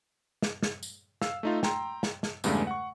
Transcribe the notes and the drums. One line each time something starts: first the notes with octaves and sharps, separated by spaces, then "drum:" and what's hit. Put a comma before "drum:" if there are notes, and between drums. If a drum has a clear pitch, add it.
drum: snare
drum: snare
drum: tambourine
F5 E6, drum: snare
A3 D#4 F4
G5 A#5 C6, drum: snare
drum: snare
drum: snare
E2 G2 C#3 G#3 A3, drum: tambourine
F#5 C#6